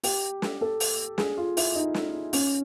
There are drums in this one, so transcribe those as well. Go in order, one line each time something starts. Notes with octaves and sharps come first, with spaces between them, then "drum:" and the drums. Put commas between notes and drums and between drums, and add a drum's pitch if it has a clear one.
G4, drum: open hi-hat
drum: snare
A4
drum: open hi-hat
G#4, drum: snare
F4
E4, drum: open hi-hat
D#4
drum: snare
C#4, drum: open hi-hat